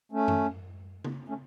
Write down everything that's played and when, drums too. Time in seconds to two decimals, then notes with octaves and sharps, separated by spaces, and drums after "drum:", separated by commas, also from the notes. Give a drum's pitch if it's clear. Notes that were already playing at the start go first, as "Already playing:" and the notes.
0.12 A3 C#4
0.28 drum: tom F#2
1.05 drum: tom C#3
1.28 A3 C#4